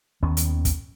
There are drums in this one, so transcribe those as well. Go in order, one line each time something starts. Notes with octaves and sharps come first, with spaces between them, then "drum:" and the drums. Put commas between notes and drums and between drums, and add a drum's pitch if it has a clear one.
D#2 D#3 B3 C#4
drum: hi-hat
drum: kick, hi-hat